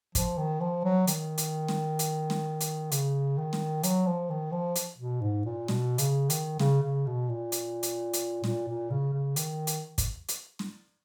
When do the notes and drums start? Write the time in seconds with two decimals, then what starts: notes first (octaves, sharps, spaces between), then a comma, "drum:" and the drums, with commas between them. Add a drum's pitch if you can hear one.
0.15 F3, drum: kick, hi-hat
0.38 D#3
0.61 F3
0.84 F#3
1.07 D#3, drum: hi-hat
1.38 drum: hi-hat
1.68 drum: snare
1.99 drum: hi-hat
2.30 drum: snare
2.61 drum: hi-hat
2.92 C#3, drum: hi-hat
3.38 D#3
3.53 drum: snare
3.84 F#3, drum: hi-hat
4.06 F3
4.30 D#3
4.52 F3
4.76 drum: hi-hat
4.98 B2
5.21 G#2
5.45 A#2
5.68 B2, drum: snare
5.98 C#3, drum: hi-hat
6.30 D#3, drum: hi-hat
6.59 C#3, drum: snare
6.82 C#3
7.06 B2
7.29 A#2
7.52 drum: hi-hat
7.83 drum: hi-hat
8.14 drum: hi-hat
8.44 A#2, drum: snare
8.68 A#2
8.90 C#3
9.13 C#3
9.36 D#3, drum: hi-hat
9.67 drum: hi-hat
9.98 drum: kick, hi-hat
10.29 drum: hi-hat
10.59 drum: snare